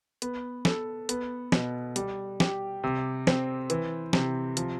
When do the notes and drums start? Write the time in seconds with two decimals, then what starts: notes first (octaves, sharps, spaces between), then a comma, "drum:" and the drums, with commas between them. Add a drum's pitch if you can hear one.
0.22 B3, drum: hi-hat
0.65 A4, drum: snare
1.09 B3, drum: hi-hat
1.52 B2, drum: snare
1.96 G3, drum: hi-hat
2.40 G4, drum: snare
2.84 C3
3.27 C4, drum: snare
3.70 E3, drum: hi-hat
4.13 C3, drum: snare
4.57 F3, drum: hi-hat